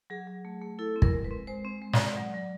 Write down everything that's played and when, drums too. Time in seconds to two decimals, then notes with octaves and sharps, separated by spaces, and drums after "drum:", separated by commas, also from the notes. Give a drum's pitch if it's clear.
0.10 F#3 G#4
0.27 F#3
0.45 A3
0.62 A3
0.79 E4 A4
0.96 C4
1.02 A#4, drum: kick
1.13 G#3
1.24 B4
1.31 C4
1.47 G#3 C5
1.65 C4
1.82 G#3
1.93 D5, drum: snare
1.99 G#3
2.16 F#3
2.34 F#3